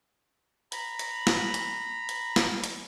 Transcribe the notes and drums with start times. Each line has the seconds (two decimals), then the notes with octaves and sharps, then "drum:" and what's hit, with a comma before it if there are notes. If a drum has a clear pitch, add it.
0.72 A#5 B5, drum: hi-hat
0.99 drum: hi-hat
1.27 drum: snare
1.54 drum: hi-hat
2.09 drum: hi-hat
2.36 drum: snare
2.64 drum: hi-hat